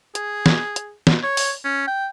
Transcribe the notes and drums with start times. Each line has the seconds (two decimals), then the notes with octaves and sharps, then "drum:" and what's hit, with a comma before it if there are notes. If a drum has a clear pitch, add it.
0.15 G#4, drum: hi-hat
0.46 drum: snare
0.76 drum: hi-hat
1.07 drum: snare
1.23 C#5
1.37 drum: open hi-hat
1.65 C#4
1.87 G5